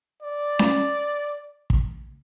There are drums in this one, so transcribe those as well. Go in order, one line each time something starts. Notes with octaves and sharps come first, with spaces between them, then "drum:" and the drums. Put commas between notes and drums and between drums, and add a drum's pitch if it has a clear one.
D5
drum: snare C#4
drum: kick